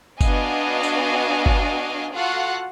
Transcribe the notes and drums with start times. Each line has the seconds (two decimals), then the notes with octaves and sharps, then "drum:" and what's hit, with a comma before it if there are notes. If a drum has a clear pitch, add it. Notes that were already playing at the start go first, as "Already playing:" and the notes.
0.21 B3 D4 F#4 D#5 F5 G#5, drum: kick G1, tambourine
0.83 drum: tambourine
1.46 drum: kick G1
2.13 F4 F#4 A4 F5 F#5